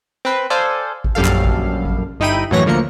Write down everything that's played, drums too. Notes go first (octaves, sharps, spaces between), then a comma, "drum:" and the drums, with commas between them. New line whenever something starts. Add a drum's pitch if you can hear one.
C4 B4
A4 C5 D5 F5 G#5
drum: kick G#1
A#1 F#2 G3 A4 F5
drum: clap
drum: kick G#1
drum: kick G#1
G1 D#4 E4 G5 B5 D#7
F#2 A2 E3 C#5 A#6
D2 D3 F3 A#3 A#4 C#7